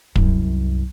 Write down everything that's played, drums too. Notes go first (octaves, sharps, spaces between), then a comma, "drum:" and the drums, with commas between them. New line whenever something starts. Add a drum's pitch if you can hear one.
C2 F#2, drum: kick